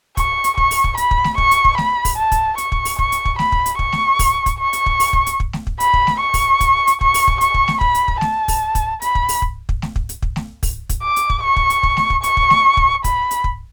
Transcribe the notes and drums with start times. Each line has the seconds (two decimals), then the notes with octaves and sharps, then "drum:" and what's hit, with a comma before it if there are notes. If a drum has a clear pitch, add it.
0.17 C#6, drum: kick, hi-hat
0.44 drum: hi-hat
0.57 C#6, drum: kick
0.71 drum: open hi-hat
0.84 drum: kick
0.97 B5, drum: hi-hat
1.11 drum: kick
1.24 drum: snare A3
1.38 C#6, drum: kick
1.51 drum: hi-hat
1.65 drum: kick
1.78 B5, drum: snare A3
2.05 drum: kick, open hi-hat
2.18 A5
2.32 drum: kick, hi-hat
2.58 C#6, drum: hi-hat
2.72 drum: kick
2.85 drum: open hi-hat
2.99 C#6, drum: kick
3.12 drum: hi-hat
3.25 drum: kick
3.39 B5, drum: snare A3
3.52 drum: kick
3.66 drum: hi-hat
3.79 C#6, drum: kick
3.92 drum: snare A3
4.19 drum: kick, open hi-hat
4.46 drum: kick, hi-hat
4.59 C#6
4.73 drum: hi-hat
4.86 drum: kick
5.00 drum: open hi-hat
5.13 drum: kick
5.26 drum: hi-hat
5.40 drum: kick
5.53 drum: snare A3
5.67 drum: kick
5.80 B5, drum: hi-hat
5.93 drum: kick
6.07 drum: snare A3
6.21 C#6
6.34 drum: kick, open hi-hat
6.61 drum: kick, hi-hat
6.87 drum: hi-hat
7.01 C#6, drum: kick
7.14 drum: open hi-hat
7.28 drum: kick
7.41 C#6, drum: hi-hat
7.54 drum: kick
7.68 drum: snare A3
7.81 B5, drum: kick
7.95 drum: hi-hat
8.08 drum: kick
8.21 A5, drum: snare A3
8.48 drum: kick, open hi-hat
8.75 drum: kick, hi-hat
9.02 B5, drum: hi-hat
9.15 drum: kick
9.29 drum: open hi-hat
9.42 drum: kick
9.69 drum: kick
9.82 drum: snare A3
9.96 drum: kick
10.09 drum: hi-hat
10.22 drum: kick
10.36 drum: snare A3
10.63 drum: kick, open hi-hat
10.89 drum: kick, hi-hat
11.03 D6
11.16 drum: hi-hat
11.30 drum: kick
11.43 C#6
11.56 drum: kick
11.70 drum: hi-hat
11.83 drum: kick
11.97 drum: snare A3
12.10 drum: kick
12.23 C#6, drum: hi-hat
12.37 drum: kick
12.50 drum: snare A3
12.77 drum: kick
13.04 B5, drum: kick, hi-hat
13.31 drum: hi-hat
13.44 drum: kick